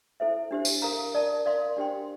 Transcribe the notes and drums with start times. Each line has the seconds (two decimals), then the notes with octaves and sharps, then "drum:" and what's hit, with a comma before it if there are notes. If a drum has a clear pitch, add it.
0.20 E4 A4 C5 E5
0.51 D4 G4 C5
0.65 drum: tambourine
0.82 A#4 F5 A#5
1.14 A#4 D5 A5
1.45 A#4 D5 F5 C6
1.77 D4 G4 C5 G5 C6